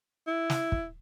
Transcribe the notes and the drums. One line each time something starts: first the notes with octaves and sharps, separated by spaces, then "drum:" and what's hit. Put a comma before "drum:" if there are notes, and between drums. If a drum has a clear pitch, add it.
E4
drum: snare
drum: kick